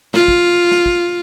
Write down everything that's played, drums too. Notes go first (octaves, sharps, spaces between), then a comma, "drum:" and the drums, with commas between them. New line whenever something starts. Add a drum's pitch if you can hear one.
F4, drum: snare
drum: kick
drum: snare
drum: kick